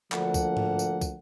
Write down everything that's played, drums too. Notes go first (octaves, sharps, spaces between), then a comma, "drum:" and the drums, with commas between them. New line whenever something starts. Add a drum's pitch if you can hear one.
D2 F3 A#3 D4 A4 F#5, drum: clap
drum: kick, tambourine
drum: tom G#2
drum: tambourine
drum: kick, tambourine